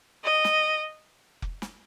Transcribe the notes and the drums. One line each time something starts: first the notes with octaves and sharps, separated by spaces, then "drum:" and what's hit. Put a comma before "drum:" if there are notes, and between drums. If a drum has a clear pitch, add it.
D#5
drum: snare
drum: kick F1
drum: snare